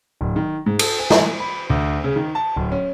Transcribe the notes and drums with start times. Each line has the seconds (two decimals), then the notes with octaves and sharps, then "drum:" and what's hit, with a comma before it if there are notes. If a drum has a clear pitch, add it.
0.21 D1
0.36 D#3
0.66 G#2
0.79 A4, drum: cymbal
1.00 G#5
1.10 drum: snare
1.40 B5
1.70 D2
2.04 C#3
2.16 D#3
2.35 A5
2.56 D1
2.72 C#4